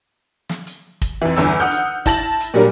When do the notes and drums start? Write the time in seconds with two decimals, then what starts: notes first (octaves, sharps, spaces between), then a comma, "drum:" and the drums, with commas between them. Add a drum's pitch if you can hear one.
0.49 drum: snare
0.67 drum: hi-hat
1.01 drum: kick, hi-hat
1.22 F2 E3
1.37 G1 E2 E6, drum: hi-hat
1.60 F#5 D#6 F6 G6
1.71 drum: hi-hat
2.06 E4 A5 A#6 F#7, drum: kick, hi-hat
2.40 drum: hi-hat
2.54 A#2 F#3 G3 A#3 D4 A#4